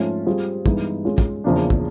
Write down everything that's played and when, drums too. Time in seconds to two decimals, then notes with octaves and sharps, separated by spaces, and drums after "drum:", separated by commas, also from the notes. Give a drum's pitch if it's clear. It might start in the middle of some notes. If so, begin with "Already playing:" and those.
Already playing: G#2 F3 A3 C#4 F4
0.26 G3 C4 F4 G#4
0.66 G2 E3 G#3 B3 D#4, drum: kick
1.05 G#3 C#4 F4
1.18 drum: kick
1.44 E2 C#3 F3 A#3 D4
1.70 drum: kick